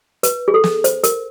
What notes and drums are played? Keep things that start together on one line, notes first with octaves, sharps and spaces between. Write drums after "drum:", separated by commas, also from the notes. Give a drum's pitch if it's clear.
B4, drum: hi-hat
G#4
A4
drum: snare
C5, drum: hi-hat
A#4, drum: hi-hat